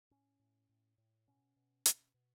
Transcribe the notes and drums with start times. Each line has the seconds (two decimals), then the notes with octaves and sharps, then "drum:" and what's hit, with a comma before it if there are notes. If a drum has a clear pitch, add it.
0.11 A2 C#4
0.39 A2
0.69 A2
0.98 A2
1.27 B2 C#4
1.56 B2
1.86 B2, drum: hi-hat
2.14 B2